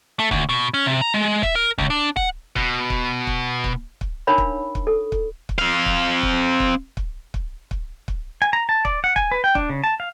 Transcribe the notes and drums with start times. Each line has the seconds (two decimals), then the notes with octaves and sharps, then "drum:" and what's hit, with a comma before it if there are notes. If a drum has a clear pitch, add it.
0.19 A3
0.31 D2, drum: kick
0.49 B2
0.74 C#4
0.86 C3
1.01 A#5
1.14 G#3
1.43 E5, drum: kick
1.55 A#4
1.78 C#2, drum: kick
1.90 D4
2.16 F#5, drum: kick
2.56 B2, drum: kick
2.90 drum: kick
3.27 drum: kick
3.64 drum: kick
4.01 drum: kick
4.27 D4 D#4 A#4 C#5 F5 B5
4.38 drum: kick
4.75 drum: kick
4.87 A4
5.12 drum: kick
5.49 drum: kick
5.59 C4 F5
5.86 drum: kick
6.23 drum: kick
6.60 drum: kick
6.97 drum: kick
7.34 drum: kick
7.71 drum: kick
8.08 drum: kick
8.42 G#5
8.53 A#5
8.69 A5
8.85 D5, drum: kick
9.04 F#5
9.16 G#5, drum: kick
9.32 B4
9.44 G5
9.55 D4, drum: kick
9.70 C#3
9.84 A5
10.00 F5